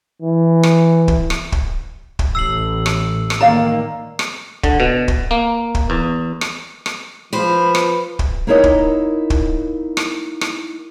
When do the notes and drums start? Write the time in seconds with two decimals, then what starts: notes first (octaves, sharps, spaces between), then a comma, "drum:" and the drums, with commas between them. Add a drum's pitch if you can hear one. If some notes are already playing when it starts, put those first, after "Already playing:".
0.22 E3
0.63 drum: rim click
1.08 drum: kick
1.30 drum: rim click
1.52 drum: kick
2.19 drum: kick
2.35 A1 E6 C7 F#7
2.86 drum: rim click
3.30 drum: rim click
3.41 D#3 A#3 D5 F5 A#5
4.19 drum: rim click
4.63 D3, drum: kick
4.80 B2
5.08 drum: kick
5.31 A#3
5.75 drum: kick
5.90 E2
6.41 drum: rim click
6.86 drum: rim click
7.33 F3 B4 C5
7.75 drum: rim click
8.19 drum: kick
8.47 A#3 D#4 E4 A#4 C#5 D#5
8.64 drum: kick
9.30 drum: kick
9.97 drum: rim click
10.41 drum: rim click